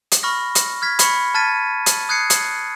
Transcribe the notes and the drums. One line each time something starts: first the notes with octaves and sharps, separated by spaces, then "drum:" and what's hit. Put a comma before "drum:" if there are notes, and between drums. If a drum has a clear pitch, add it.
drum: hi-hat
B5 C#6 F6 A#6
drum: hi-hat
F6 G#6 B6
B5 C#6 C#7, drum: hi-hat
A5 F6 G#6 A6 B6 D#7
drum: hi-hat
D#6 F#6 G#6 C7 C#7
drum: hi-hat